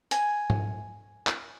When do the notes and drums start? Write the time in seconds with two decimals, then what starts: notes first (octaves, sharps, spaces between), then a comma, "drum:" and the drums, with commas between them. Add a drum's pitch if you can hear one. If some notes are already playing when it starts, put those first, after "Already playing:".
0.11 G#5, drum: hi-hat
0.50 drum: tom G#2
1.27 drum: clap